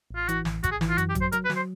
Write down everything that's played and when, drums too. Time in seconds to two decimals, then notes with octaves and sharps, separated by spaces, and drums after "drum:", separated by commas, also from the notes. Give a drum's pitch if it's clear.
0.11 A1
0.16 F4
0.29 E3 F#4, drum: hi-hat
0.45 A1, drum: snare
0.63 A1 F#4, drum: kick G#1, hi-hat
0.72 G#4
0.81 E3, drum: snare
0.89 F4
0.98 F#2 F#4, drum: hi-hat
1.09 G4
1.15 F#3, drum: kick G#1, hi-hat
1.21 C5
1.32 F#3 A#4, drum: hi-hat
1.45 B4
1.50 F#3, drum: snare
1.56 C5